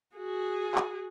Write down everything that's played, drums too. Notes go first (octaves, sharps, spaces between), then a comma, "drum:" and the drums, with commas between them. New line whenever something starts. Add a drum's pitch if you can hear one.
F#4 G#4
drum: clap